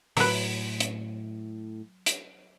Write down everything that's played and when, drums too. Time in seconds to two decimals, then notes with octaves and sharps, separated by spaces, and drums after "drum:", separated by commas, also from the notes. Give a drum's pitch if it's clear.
0.17 A2 F#3 B4, drum: open hi-hat
0.80 drum: hi-hat
2.06 drum: hi-hat